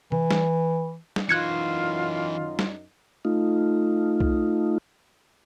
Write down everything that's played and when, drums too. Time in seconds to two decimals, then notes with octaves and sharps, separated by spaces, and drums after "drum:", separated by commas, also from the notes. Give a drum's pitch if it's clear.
0.12 E3, drum: tom
0.31 drum: snare
1.16 drum: snare
1.29 F#2 E3 D#4 F4 F#4 F#6 G#6 C#7
2.59 drum: snare
3.25 A3 D#4 F4
4.20 drum: kick C2